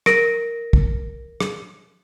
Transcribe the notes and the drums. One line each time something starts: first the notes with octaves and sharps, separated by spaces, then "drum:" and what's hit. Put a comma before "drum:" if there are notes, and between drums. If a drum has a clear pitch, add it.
A#4 A#6 D7, drum: rim click
drum: kick
drum: rim click